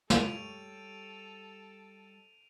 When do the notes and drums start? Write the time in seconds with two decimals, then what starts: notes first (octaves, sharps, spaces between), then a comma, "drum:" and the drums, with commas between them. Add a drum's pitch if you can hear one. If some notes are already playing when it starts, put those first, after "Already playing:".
0.10 G3 A4 C#5 D7 D#7 F7, drum: snare